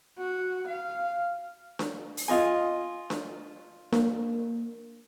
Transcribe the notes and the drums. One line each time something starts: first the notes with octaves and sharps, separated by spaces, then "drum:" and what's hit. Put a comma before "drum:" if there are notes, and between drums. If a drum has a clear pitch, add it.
F#4
F5
drum: snare D4
drum: open hi-hat
F4 D#5 G#5
drum: snare D4
A#3, drum: snare D4